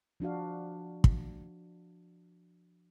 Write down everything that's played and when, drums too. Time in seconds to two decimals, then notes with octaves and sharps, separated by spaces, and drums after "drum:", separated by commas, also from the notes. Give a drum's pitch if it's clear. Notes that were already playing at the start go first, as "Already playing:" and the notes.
0.20 F3 D4 F#4 F5
1.04 drum: kick